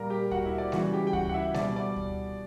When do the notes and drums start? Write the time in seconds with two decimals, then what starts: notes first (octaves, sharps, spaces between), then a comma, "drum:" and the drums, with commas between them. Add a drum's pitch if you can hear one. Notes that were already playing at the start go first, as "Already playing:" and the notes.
Already playing: A#2 G3 A#4 A#5
0.10 G4 G5
0.31 F#4 F#5, drum: kick D2
0.45 E4 E5
0.58 D5
0.72 C#3 E3 G3 F#4 F#5, drum: snare G#3
0.93 G4 G5
1.07 G5
1.13 F#4 F#5, drum: kick D2
1.29 F#5
1.34 E4 E5
1.54 B2 G3 D5, drum: snare G#3
1.76 D5
1.96 drum: kick D2